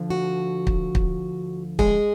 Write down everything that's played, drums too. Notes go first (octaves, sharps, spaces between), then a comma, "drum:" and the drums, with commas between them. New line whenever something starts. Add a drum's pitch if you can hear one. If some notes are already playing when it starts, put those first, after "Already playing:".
Already playing: D2 D3 F3
F#4
drum: kick
drum: kick
G#3 G#4, drum: kick